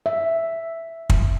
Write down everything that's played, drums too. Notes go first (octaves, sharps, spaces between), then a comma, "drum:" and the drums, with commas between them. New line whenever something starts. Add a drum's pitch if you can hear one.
E5
drum: kick